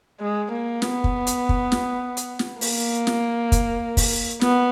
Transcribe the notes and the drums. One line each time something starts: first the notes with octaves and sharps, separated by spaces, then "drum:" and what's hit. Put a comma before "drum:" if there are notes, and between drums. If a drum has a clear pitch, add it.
G#3
A#3
B3, drum: snare
drum: kick
drum: hi-hat
drum: kick
drum: snare
drum: hi-hat
drum: snare
A#3, drum: open hi-hat
drum: snare
drum: kick, hi-hat
drum: kick, open hi-hat
B3, drum: snare